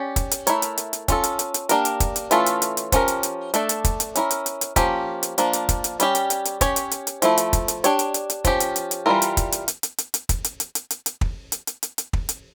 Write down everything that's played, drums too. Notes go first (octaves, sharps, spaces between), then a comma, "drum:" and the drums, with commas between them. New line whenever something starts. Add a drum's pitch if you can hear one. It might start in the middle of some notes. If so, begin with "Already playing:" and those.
Already playing: C#4 G4 D5
drum: kick, hi-hat
drum: hi-hat
A3 E4 A#4 C#5, drum: hi-hat
drum: hi-hat
drum: hi-hat
drum: hi-hat
C#4 F4 A4, drum: kick, hi-hat
drum: hi-hat
drum: hi-hat
drum: hi-hat
A#3 D4 G4 A#4, drum: hi-hat
drum: hi-hat
drum: kick, hi-hat
drum: hi-hat
E3 A3 C#4 F4 A4, drum: hi-hat
drum: hi-hat
drum: hi-hat
drum: hi-hat
F3 C#4 G4 A#4, drum: kick, hi-hat
drum: hi-hat
drum: hi-hat
A3 D4 A4 D5, drum: hi-hat
drum: hi-hat
drum: kick, hi-hat
drum: hi-hat
C#4 E4 A#4, drum: hi-hat
drum: hi-hat
drum: hi-hat
drum: hi-hat
F3 A#3 C#4 G4, drum: kick, hi-hat
drum: hi-hat
F3 A#3 D4, drum: hi-hat
drum: hi-hat
drum: kick, hi-hat
drum: hi-hat
G3 C#4 G4 C#5, drum: hi-hat
drum: hi-hat
drum: hi-hat
drum: hi-hat
C#4 G4 C#5, drum: kick, hi-hat
drum: hi-hat
drum: hi-hat
drum: hi-hat
F3 A3 E4, drum: hi-hat
drum: hi-hat
drum: kick, hi-hat
drum: hi-hat
D4 G4 C#5, drum: hi-hat
drum: hi-hat
drum: hi-hat
drum: hi-hat
F3 C#4 G4, drum: kick, hi-hat
drum: hi-hat
drum: hi-hat
drum: hi-hat
E3 G3 D4 F4 A#4
drum: hi-hat
drum: kick, hi-hat
drum: hi-hat
drum: hi-hat
drum: hi-hat
drum: hi-hat
drum: hi-hat
drum: kick, hi-hat
drum: hi-hat
drum: hi-hat
drum: hi-hat
drum: hi-hat
drum: hi-hat
drum: kick
drum: hi-hat
drum: hi-hat
drum: hi-hat
drum: hi-hat
drum: kick
drum: hi-hat